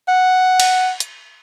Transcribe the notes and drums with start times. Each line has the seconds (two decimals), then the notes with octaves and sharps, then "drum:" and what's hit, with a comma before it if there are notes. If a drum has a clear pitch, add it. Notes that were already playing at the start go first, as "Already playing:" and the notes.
0.08 F#5
0.60 drum: cymbal
1.00 drum: hi-hat